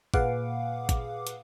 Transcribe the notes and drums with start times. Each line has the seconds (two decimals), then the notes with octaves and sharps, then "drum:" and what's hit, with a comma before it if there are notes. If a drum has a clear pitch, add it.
0.14 A#2 G#4 B4 F5 F#5 D6, drum: kick G#1
0.89 drum: kick G#1, hi-hat
1.27 drum: hi-hat